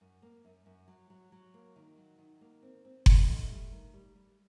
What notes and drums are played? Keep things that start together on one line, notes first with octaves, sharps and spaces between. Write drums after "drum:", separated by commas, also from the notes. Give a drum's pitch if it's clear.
F#2
A#3
F#2
F#2
F#3
F#3
F#3
A#3
D#3
F#3
D#3
A#3
C4
C4
D3, drum: kick F#1
A3
G3
D#3
G3
G3